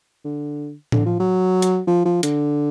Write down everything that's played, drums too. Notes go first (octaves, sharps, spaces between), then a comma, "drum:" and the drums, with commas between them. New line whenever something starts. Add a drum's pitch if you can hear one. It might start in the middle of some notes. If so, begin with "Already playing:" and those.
D3
D3, drum: tom A2
F3
F#3
drum: hi-hat
F3
F3
D3, drum: hi-hat